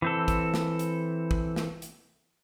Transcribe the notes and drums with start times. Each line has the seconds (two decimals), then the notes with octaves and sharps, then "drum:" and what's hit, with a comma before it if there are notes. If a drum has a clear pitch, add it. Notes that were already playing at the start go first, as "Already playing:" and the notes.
0.02 E3 C4 A4
0.28 drum: kick, hi-hat
0.54 drum: snare
0.79 drum: hi-hat
1.31 drum: kick
1.56 drum: snare
1.82 drum: hi-hat